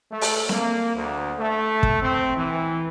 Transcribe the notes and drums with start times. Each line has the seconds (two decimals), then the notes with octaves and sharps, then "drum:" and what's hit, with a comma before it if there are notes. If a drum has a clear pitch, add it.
0.12 A3
0.21 drum: open hi-hat
0.49 A#3, drum: snare C4
0.94 D2
1.38 A3
1.83 drum: kick
2.01 C4
2.36 E3